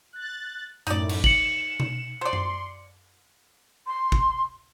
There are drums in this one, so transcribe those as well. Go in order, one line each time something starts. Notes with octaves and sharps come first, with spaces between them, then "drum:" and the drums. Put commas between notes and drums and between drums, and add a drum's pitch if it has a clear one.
F#6 A6
F#2 A2 D#4 D5, drum: hi-hat
drum: cymbal
C#7 E7 F#7, drum: kick G1
drum: tom B2
C5 D5 C6
drum: tom F#2
C6
drum: kick G1